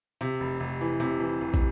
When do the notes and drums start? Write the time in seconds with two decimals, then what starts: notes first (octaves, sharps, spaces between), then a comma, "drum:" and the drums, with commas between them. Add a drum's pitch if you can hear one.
0.21 C3, drum: tambourine
0.40 F1
0.60 F1
0.81 E3
1.00 C3, drum: tambourine
1.20 E3
1.41 F1
1.54 drum: kick, tambourine